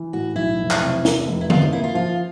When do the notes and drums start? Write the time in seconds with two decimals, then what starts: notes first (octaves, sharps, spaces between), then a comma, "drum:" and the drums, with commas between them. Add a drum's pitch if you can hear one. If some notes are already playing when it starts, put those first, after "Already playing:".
Already playing: E3
0.13 A2 F#4
0.36 B1 E4
0.59 F1
0.71 drum: clap
0.82 C3
1.05 E2, drum: snare
1.27 F1
1.41 E4
1.50 C3 F4, drum: tom D3
1.62 D#4
1.73 A#3 E4
1.84 F4
1.95 F3 F4